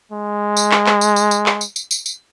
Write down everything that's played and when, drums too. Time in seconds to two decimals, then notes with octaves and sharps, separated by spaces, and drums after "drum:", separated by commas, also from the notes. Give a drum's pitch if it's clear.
0.12 G#3
0.57 drum: tambourine
0.72 drum: clap
0.86 drum: clap
1.01 drum: tambourine
1.16 drum: tambourine
1.31 drum: tambourine
1.46 drum: clap
1.61 drum: tambourine
1.76 drum: tambourine
1.91 drum: tambourine
2.06 drum: tambourine